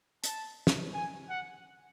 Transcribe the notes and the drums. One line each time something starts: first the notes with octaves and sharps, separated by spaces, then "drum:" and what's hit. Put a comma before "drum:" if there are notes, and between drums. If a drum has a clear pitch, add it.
A5, drum: hi-hat
drum: snare
G#5
F#5